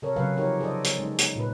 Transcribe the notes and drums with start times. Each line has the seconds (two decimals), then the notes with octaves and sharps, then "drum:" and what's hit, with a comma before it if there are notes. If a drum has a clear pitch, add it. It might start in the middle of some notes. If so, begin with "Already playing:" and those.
0.02 C3 A4 A#4 C#5
0.16 C#3 F#3 C#4 B4 F5
0.37 F3 D#4 G4 A#4 C#5
0.61 G#4 A4 C5 D5 D#5
0.85 drum: hi-hat
0.98 G#3 C#4 D#4
1.19 drum: hi-hat
1.36 A#2 B4